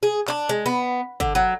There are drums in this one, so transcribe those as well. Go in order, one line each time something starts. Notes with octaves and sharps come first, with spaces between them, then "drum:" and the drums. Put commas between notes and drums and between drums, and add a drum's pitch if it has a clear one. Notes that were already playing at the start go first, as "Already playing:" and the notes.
G#4
D4, drum: clap
G#3
B3
D3, drum: kick G1
F#3